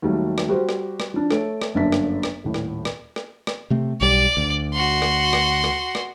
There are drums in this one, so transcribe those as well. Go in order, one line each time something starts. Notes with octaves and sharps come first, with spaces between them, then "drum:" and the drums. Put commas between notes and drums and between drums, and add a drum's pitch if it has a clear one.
D#2 F#3 G3 A3
drum: rim click
G3 F#4 G4 C5
drum: rim click
drum: rim click
F3 D4
A3 A4 C#5 D7, drum: rim click
drum: rim click
G1 F#2 A#3 D4 E5 B6
drum: rim click
drum: rim click
D#1 A2
drum: rim click
drum: rim click
drum: rim click
drum: rim click
C3 A3 C4
B1 G3 D5
D2
F#4 C6
drum: rim click
drum: rim click
drum: rim click
drum: rim click